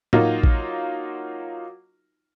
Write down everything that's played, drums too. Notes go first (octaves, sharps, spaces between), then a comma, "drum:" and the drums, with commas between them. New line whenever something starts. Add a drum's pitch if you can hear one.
F#3 A#3 D#4 F4, drum: tom A2
drum: kick A1